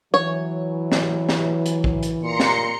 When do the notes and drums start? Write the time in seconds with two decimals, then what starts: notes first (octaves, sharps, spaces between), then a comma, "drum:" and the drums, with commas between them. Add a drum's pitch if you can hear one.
0.14 E3 F#3 C#5
0.92 drum: snare
1.29 drum: snare
1.66 drum: hi-hat
1.84 drum: kick
2.03 drum: hi-hat
2.21 A#2 A#5 C6 C#7
2.40 drum: snare